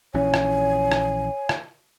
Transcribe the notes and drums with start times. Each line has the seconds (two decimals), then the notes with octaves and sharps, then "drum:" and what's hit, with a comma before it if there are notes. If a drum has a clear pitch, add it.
0.14 A#1 E3 C#4 C#5 G#5
0.34 drum: rim click
0.92 drum: rim click
1.49 drum: rim click